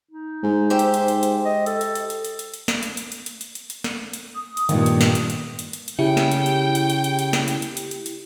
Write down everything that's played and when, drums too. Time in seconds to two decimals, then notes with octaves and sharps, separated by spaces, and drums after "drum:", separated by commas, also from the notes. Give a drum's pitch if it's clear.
0.11 D#4
0.44 G#2
0.70 G4 C5 E5
0.79 drum: hi-hat
0.94 drum: hi-hat
1.08 drum: hi-hat
1.23 drum: hi-hat
1.45 D#5
1.66 A4, drum: hi-hat
1.81 drum: hi-hat
1.95 drum: hi-hat
2.10 drum: hi-hat
2.25 drum: hi-hat
2.39 drum: hi-hat
2.54 drum: hi-hat
2.68 drum: snare
2.83 drum: hi-hat
2.97 drum: hi-hat
3.12 drum: hi-hat
3.26 drum: hi-hat
3.41 drum: hi-hat
3.55 drum: hi-hat
3.70 drum: hi-hat
3.84 drum: snare
4.13 drum: hi-hat
4.35 D#6
4.57 drum: hi-hat
4.69 G2 A#2 D#3, drum: hi-hat
4.86 drum: hi-hat
5.01 drum: snare
5.15 drum: hi-hat
5.30 drum: hi-hat
5.59 drum: hi-hat
5.73 drum: hi-hat
5.88 drum: hi-hat
5.99 C#3 E4 G4 G5 C#7
6.17 drum: snare
6.31 drum: hi-hat
6.46 drum: hi-hat
6.75 drum: hi-hat
6.90 drum: hi-hat
7.04 drum: hi-hat
7.19 drum: hi-hat
7.33 drum: snare
7.48 drum: hi-hat
7.62 drum: hi-hat
7.77 drum: hi-hat
7.91 drum: hi-hat
8.06 drum: hi-hat